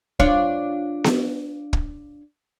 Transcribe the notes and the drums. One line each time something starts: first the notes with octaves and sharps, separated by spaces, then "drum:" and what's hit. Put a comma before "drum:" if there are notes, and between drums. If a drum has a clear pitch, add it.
D4 F4 C#5, drum: kick
drum: snare B3
drum: kick